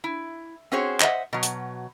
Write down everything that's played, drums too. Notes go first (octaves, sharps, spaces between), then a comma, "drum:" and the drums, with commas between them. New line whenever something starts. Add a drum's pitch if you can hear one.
E4
C4 C#4 F#4 G#4 C5 C#5
C5 D#5 E5 F#5, drum: clap
B2 F#3
drum: hi-hat